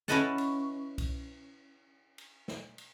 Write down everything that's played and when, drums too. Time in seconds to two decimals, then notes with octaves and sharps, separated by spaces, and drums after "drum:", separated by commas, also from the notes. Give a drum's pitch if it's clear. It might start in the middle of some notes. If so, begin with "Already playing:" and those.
0.08 C#4 E4 B4 D#5 F#5 A5, drum: snare
0.38 drum: cymbal
0.98 drum: kick C2, cymbal
2.18 drum: cymbal
2.48 drum: snare
2.78 drum: cymbal